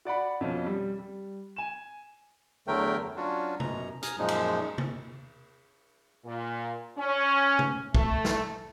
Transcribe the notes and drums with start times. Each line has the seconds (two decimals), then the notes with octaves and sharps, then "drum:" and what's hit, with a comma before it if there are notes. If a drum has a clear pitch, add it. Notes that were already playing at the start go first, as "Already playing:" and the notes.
0.05 F#4 D5 F#5 B5
0.41 F2 B2 F3 C#4 F4
0.66 G3
0.99 G3
1.56 G#5 E7
2.68 E2 D3 F#3 A3 A#4 G5
3.00 F#2
3.16 F#3 C#4 D4 F4 F#4
3.60 F#2 B2 A#5, drum: tom C3
4.03 G#5 A#5 D#6 F6, drum: hi-hat
4.19 F#2 A#2 F3 G#3 D#4
4.28 drum: cymbal
4.78 drum: tom C3
6.25 A#2
6.98 C#4
7.59 drum: tom C3
7.95 A3, drum: kick
8.25 drum: snare